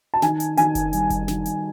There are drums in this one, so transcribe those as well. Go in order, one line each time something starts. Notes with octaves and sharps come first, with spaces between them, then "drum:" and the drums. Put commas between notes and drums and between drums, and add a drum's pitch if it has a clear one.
A5
D#3 G#5, drum: snare
drum: hi-hat
D#3 G#5, drum: hi-hat
drum: kick F#1, hi-hat
G3, drum: hi-hat
drum: kick F#1, hi-hat
D#3, drum: snare
drum: hi-hat